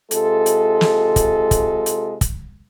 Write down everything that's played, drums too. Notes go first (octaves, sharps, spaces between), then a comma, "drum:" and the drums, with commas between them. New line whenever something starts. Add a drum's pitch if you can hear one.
C3 G#3 F4 A4, drum: hi-hat
drum: hi-hat
drum: snare
drum: kick, hi-hat
drum: kick, hi-hat
drum: hi-hat
drum: kick, hi-hat